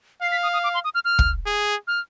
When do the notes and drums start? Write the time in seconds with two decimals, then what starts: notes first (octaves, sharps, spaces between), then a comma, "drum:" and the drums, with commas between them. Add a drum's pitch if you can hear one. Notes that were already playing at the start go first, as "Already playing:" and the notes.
0.22 F5 C7
0.32 B6
0.43 D#6
0.53 D#6
0.64 D6
0.74 C6
0.84 D#6
0.95 F6
1.05 F6
1.19 drum: kick
1.46 G#4
1.87 F6